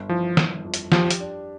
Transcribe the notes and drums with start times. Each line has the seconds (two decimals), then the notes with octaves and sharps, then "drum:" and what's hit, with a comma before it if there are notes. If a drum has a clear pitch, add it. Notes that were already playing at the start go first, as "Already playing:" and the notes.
Already playing: G1
0.09 E3 F3
0.37 G1, drum: snare
0.64 F2
0.74 drum: hi-hat
0.92 F3 G4, drum: snare
1.10 drum: hi-hat
1.20 D4